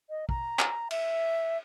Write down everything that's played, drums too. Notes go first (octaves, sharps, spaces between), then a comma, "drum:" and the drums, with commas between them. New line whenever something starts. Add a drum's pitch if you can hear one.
D#5
A#5, drum: kick
drum: clap
E5, drum: cymbal